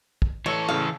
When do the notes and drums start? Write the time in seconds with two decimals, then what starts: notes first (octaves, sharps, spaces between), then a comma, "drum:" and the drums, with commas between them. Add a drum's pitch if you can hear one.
0.22 drum: kick
0.46 E3 A4 C#5
0.69 A2 C#3 F5